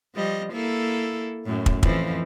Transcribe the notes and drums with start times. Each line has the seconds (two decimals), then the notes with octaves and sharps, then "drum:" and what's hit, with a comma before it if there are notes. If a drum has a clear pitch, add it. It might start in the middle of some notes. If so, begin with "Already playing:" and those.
0.15 F3 G3 D#5
0.53 A#3 E4 A4
1.46 F#2 A2
1.66 drum: kick
1.83 F2 E3 F3, drum: kick